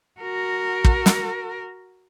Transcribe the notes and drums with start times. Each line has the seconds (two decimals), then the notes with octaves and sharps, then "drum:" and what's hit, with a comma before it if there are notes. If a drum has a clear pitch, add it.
0.21 F#4 A#4
0.85 drum: kick
1.06 drum: snare